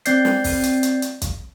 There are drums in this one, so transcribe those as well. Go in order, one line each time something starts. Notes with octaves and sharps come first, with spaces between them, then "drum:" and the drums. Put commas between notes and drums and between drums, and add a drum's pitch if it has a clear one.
C4 D5 G6 C7, drum: hi-hat
drum: snare
drum: kick, open hi-hat
drum: hi-hat
drum: hi-hat
drum: hi-hat
drum: kick, hi-hat